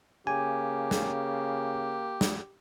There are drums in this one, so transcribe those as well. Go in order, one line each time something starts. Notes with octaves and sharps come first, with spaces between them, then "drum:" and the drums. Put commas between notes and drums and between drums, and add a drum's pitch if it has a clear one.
C#3 A#3 G4 G#5
drum: snare
drum: snare